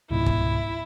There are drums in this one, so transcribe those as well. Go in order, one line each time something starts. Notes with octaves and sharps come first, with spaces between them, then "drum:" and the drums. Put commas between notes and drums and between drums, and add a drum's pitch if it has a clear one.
C#2 G#2 B2 E4
drum: kick